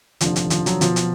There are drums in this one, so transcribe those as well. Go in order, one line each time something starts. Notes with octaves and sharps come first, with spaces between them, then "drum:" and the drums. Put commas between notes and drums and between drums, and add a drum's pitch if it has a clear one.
F1 D#2 D3 F3, drum: hi-hat
drum: hi-hat
F3, drum: hi-hat
F#3, drum: hi-hat
B1 B2 F3, drum: hi-hat
drum: hi-hat